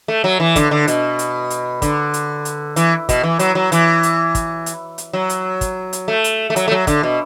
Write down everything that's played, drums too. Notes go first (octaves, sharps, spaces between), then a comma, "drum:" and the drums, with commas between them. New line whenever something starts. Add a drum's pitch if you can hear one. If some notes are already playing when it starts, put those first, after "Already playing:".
A3
F#3
E3
D3, drum: kick, hi-hat
D3
B2, drum: hi-hat
drum: hi-hat
drum: hi-hat
D3, drum: kick, hi-hat
drum: hi-hat
drum: hi-hat
E3, drum: hi-hat
B2, drum: kick, hi-hat
E3
F#3, drum: hi-hat
F#3
E3, drum: hi-hat
drum: hi-hat
drum: kick, hi-hat
drum: hi-hat
drum: hi-hat
F#3
drum: hi-hat
drum: kick, hi-hat
drum: hi-hat
A3
drum: hi-hat
A3
F#3, drum: hi-hat
A3
F#3
D3, drum: kick, hi-hat
B2